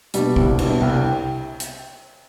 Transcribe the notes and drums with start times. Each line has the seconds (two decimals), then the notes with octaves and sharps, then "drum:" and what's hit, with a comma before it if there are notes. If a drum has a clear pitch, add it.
0.14 B2 G3 D4, drum: hi-hat
0.36 C2, drum: kick
0.59 B2 G3 D4, drum: cymbal
0.81 C2 G5
1.60 drum: hi-hat